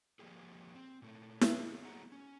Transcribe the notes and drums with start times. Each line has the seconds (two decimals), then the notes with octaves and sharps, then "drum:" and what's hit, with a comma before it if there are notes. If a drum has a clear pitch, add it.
0.19 F3 A#3 G4 G#4
0.75 C4
1.02 A#2 A3
1.41 drum: snare E4
1.53 D3 G#4 A#4
1.85 F#3 B3 G#4 F#5 A#5
2.12 C#4